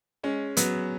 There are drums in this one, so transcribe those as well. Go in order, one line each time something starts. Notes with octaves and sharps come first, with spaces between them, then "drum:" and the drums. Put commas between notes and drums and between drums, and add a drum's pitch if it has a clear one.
G#3 C#4
F#3 B3, drum: hi-hat